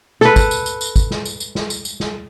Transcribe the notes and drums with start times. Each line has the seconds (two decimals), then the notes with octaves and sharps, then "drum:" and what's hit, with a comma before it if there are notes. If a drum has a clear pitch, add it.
0.21 A4 B4, drum: snare
0.36 drum: kick, tambourine
0.51 drum: tambourine
0.66 drum: tambourine
0.81 drum: tambourine
0.96 drum: kick, tambourine
1.11 drum: snare
1.25 drum: tambourine
1.40 drum: tambourine
1.55 drum: snare
1.70 drum: tambourine
1.85 drum: tambourine
2.00 drum: snare